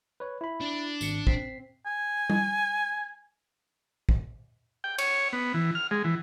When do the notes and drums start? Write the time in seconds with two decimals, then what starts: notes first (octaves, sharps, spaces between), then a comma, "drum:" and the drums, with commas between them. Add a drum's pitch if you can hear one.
0.20 B4 C#5
0.41 E4 B5
0.61 D4
1.01 G#1 C#7, drum: tambourine
1.27 C4 B6 C7, drum: kick
1.86 G#5
2.30 drum: tom G3
4.09 drum: kick
4.84 G5
4.98 C#5, drum: cymbal
5.33 B3
5.54 E3
5.75 F6
5.91 G#3
6.04 E3